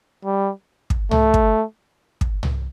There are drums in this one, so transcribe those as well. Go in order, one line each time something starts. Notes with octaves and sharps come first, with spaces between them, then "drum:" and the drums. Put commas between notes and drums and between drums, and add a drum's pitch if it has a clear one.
G3
drum: kick
A3, drum: tom
drum: kick
drum: kick
drum: tom